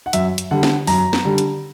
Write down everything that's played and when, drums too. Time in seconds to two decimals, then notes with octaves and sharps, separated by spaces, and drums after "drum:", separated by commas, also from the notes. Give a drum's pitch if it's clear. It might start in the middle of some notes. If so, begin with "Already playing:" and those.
0.06 F#5
0.13 F#2 E5, drum: hi-hat
0.38 drum: hi-hat
0.51 D3 G3 F#5
0.63 drum: snare
0.87 F#2 A#5, drum: open hi-hat
1.13 drum: snare
1.25 D3 G3
1.38 drum: hi-hat